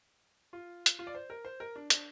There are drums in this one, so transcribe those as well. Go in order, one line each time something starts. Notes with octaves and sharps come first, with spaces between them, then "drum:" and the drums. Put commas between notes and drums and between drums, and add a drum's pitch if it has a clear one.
F4
drum: hi-hat
F4
D5
C5
A#4
C5
A#4
D4
D4, drum: hi-hat